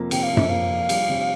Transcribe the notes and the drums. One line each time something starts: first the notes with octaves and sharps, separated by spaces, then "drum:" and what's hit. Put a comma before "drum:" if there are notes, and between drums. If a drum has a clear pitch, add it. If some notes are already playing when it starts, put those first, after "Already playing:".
Already playing: F2 C3 F3 A#3
C3 G5, drum: cymbal
F5
F2
E5, drum: tom F#2
A#3 F5
F3
G3, drum: cymbal
C3